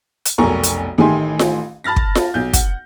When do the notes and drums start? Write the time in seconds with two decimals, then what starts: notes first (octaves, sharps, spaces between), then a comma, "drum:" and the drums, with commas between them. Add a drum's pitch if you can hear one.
0.25 drum: hi-hat
0.38 F1 B1 A#4 G#5 A#5 C#6
0.63 drum: hi-hat
0.98 A1 D#3 A3 G4 G#5 C6
1.39 drum: snare F4
1.84 A5 B5 F6 A6 A#6
1.96 drum: kick
2.15 drum: snare F4
2.34 B1 G6
2.53 F#5, drum: kick, hi-hat